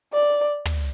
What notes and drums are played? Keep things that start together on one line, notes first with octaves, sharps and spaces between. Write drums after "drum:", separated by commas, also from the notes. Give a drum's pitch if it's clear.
D5
drum: tom